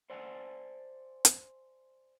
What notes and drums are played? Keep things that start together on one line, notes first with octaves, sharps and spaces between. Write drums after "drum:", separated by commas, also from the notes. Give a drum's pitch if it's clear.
C5 D5 E5 F#5 G#5 A5
drum: hi-hat